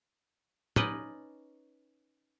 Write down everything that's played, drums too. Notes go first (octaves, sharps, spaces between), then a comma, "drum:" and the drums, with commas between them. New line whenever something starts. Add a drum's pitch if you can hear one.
C#4 D#4 B4 D5 D#5, drum: tom